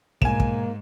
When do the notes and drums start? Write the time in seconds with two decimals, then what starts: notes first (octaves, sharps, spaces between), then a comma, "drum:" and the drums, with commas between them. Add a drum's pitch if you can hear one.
0.22 G#2 B2 A#3 G#5 E7, drum: kick
0.40 drum: kick